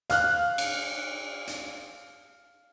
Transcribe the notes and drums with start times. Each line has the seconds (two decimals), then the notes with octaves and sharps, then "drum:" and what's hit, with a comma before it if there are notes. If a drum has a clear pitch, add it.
0.10 F5 F6 F#6, drum: hi-hat
0.58 drum: cymbal
1.47 drum: hi-hat